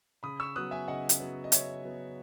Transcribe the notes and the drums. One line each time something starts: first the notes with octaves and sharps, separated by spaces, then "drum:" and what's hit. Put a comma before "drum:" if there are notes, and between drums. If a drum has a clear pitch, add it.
C#3 B5 D#6
C#6 E6
F#3 B3 D#6 F#6
E5 G#5
C#3 D#5 F#5
drum: hi-hat
F#3 B3
D#5
C#3 C#5 E5, drum: hi-hat
F#3 B3